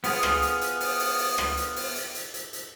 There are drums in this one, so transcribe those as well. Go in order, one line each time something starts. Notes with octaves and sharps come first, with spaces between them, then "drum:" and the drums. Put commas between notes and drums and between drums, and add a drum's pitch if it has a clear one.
B3 F4 G#4, drum: open hi-hat
drum: rim click
drum: hi-hat
drum: hi-hat
drum: open hi-hat
drum: open hi-hat
drum: open hi-hat
drum: rim click
drum: hi-hat
drum: open hi-hat
drum: hi-hat
drum: hi-hat
drum: hi-hat
drum: hi-hat